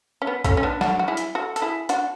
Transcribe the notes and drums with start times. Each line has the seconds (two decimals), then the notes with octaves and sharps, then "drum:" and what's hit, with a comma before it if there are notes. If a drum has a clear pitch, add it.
0.22 C#4
0.27 B3
0.44 A3 C#4, drum: kick B1, hi-hat
0.57 C#4
0.63 B3 D4
0.81 D4 F#4, drum: snare
0.99 F#4
1.08 E4 G#4
1.17 drum: hi-hat
1.35 F#4 A4
1.56 A4, drum: hi-hat
1.62 E4 G#4
1.89 D4 F#4, drum: hi-hat